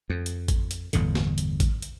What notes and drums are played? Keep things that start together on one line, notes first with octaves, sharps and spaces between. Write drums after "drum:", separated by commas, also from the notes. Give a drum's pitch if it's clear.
F2
drum: hi-hat
drum: kick, hi-hat
drum: hi-hat
G1 E2 A2 D3, drum: hi-hat
drum: snare
drum: hi-hat
drum: kick, hi-hat
drum: hi-hat